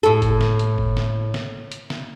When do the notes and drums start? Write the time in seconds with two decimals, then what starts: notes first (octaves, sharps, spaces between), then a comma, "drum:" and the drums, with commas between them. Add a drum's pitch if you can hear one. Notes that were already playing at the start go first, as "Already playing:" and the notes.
0.03 A2 A4
0.22 drum: kick F#1, hi-hat
0.41 drum: snare
0.59 drum: hi-hat
0.78 drum: kick F#1
0.97 drum: snare
1.34 drum: snare
1.72 drum: hi-hat
1.90 drum: snare